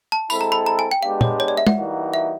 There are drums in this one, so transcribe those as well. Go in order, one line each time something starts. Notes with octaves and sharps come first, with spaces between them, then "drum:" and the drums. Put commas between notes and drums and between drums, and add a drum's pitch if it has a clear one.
A5
G#3 C4 E4 A4 B5, drum: tambourine
A#5
B5
A#5
G#5
G5
G#3 B3 D4 G4 F5
C#5, drum: tom
C#5
D5
E5
F#5, drum: tom
E3 G3 A#3 D#4 F#4
E5